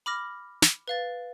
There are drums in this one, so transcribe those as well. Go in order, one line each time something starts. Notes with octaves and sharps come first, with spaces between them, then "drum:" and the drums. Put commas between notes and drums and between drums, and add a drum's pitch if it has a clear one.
B5 D6 F6 A#6
drum: snare
B4 F5 A6